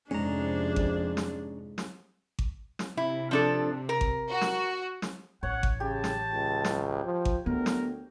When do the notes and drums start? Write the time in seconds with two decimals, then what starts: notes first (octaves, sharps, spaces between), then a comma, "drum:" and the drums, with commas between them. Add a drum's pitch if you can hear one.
0.11 F2 G#2 C3 C#4 D4 G#4 A#5
0.76 drum: kick G#1
1.17 drum: snare
1.78 drum: snare
2.39 drum: kick G#1
2.79 drum: snare
2.97 C3 E4
3.31 F3 D4 A4
3.89 A#4
4.01 drum: kick G#1
4.31 F#4
4.41 drum: snare
5.02 drum: snare
5.43 A1 C#5 F#5
5.63 drum: kick G#1
5.80 C#3 G4 A5
6.04 drum: snare
6.32 C#2
6.65 drum: snare
7.04 F3
7.25 drum: kick G#1
7.46 D2 B3 A#4
7.66 drum: snare